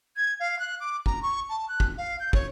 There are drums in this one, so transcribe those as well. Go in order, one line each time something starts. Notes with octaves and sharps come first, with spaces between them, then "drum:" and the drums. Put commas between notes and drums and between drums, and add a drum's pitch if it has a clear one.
G#6
F5
F#6
D6
A#5, drum: kick
C#6
A5
F#6
drum: kick
F5
G6
C#5, drum: kick